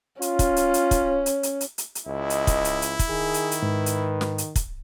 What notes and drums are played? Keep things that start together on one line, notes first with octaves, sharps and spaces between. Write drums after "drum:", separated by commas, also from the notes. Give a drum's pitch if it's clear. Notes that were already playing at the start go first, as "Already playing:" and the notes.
C#4 F4, drum: hi-hat
drum: kick, hi-hat
drum: hi-hat
drum: hi-hat
drum: kick, hi-hat
drum: hi-hat
drum: hi-hat
drum: hi-hat
drum: hi-hat
drum: hi-hat
C#2 E4 D#5
drum: hi-hat
drum: kick, hi-hat
drum: hi-hat
drum: hi-hat
drum: kick, hi-hat
D#3 G#4
drum: hi-hat
drum: hi-hat
G#2 B4
drum: hi-hat
drum: snare
drum: hi-hat
drum: kick, hi-hat